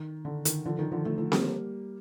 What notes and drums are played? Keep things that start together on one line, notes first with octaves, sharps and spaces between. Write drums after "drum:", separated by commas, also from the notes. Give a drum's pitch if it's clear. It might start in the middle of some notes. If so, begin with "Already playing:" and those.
Already playing: D#3
D3
D#3, drum: hi-hat
D3 F3
D#3
D3 F3
F3 A3
F3 A3
G3 A#3, drum: snare C4